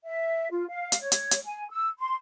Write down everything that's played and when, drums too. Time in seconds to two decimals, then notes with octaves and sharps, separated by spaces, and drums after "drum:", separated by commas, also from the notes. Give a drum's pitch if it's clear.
0.06 E5
0.51 F4
0.69 F5
0.92 drum: hi-hat
1.02 C#5
1.12 drum: hi-hat
1.31 drum: hi-hat
1.45 G#5
1.71 E6
1.98 C6